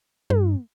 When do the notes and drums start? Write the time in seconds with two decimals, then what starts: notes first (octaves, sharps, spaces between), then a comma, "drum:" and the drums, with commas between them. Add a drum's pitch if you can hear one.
0.30 G2, drum: tom